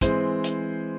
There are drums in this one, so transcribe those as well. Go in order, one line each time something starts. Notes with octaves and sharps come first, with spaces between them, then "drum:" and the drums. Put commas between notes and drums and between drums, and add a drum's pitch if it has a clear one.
E3 G#3 C4 C5, drum: kick, hi-hat
drum: hi-hat